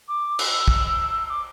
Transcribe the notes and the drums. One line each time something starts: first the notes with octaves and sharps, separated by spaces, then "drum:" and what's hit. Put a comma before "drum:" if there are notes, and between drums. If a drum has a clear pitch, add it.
D6
E6, drum: cymbal
drum: kick
D6